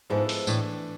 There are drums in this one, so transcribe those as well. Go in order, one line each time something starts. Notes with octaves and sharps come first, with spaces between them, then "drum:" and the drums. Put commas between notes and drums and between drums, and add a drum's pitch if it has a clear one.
G#2 F3 G#3 B3 E4 A4
drum: open hi-hat
A2 E3 A3 D4, drum: tambourine